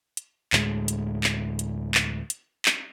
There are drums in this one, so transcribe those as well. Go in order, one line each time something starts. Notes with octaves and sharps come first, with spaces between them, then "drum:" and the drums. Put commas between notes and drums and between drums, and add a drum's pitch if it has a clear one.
drum: hi-hat
D2 A2 G#3, drum: clap
drum: hi-hat
drum: clap
drum: hi-hat
drum: clap
drum: hi-hat
drum: clap